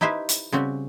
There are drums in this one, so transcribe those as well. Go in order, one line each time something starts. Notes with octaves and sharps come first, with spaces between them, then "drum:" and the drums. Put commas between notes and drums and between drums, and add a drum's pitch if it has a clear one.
D#4 E4 G4 B4 C5
drum: hi-hat
C#3 G3 C4 F#4